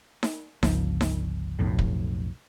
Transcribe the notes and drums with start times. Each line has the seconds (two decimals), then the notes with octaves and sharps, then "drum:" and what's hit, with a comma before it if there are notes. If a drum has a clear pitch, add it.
0.23 drum: snare D#4
0.63 G1 C#2 F3, drum: snare D#4
1.01 drum: snare D#4
1.59 B1 F2 A2
1.79 drum: kick